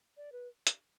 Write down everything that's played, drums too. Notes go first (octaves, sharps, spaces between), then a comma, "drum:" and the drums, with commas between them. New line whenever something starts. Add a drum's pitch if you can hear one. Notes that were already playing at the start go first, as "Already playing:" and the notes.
D5
B4
drum: hi-hat